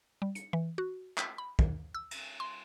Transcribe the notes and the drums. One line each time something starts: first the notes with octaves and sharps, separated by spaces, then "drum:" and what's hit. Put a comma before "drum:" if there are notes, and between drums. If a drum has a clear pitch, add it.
G3
C#7, drum: hi-hat
E3
F#4
B6, drum: clap
B5
D#3, drum: kick
E6
drum: cymbal
C6